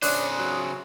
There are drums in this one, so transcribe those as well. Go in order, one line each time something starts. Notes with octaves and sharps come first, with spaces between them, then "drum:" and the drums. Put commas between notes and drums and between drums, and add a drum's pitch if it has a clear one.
C#3 D4 C5 C#5 D#6 F#6, drum: open hi-hat
F#3